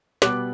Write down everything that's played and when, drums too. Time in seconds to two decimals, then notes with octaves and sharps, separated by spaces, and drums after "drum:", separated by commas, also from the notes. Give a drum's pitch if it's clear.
0.22 B2 G3 B3 D6 F#6, drum: snare